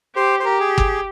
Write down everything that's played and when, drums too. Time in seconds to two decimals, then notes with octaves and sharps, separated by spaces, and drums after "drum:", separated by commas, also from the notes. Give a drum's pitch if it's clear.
0.15 G4 C5
0.40 C5
0.45 G4 A#4
0.60 G#4
0.78 drum: kick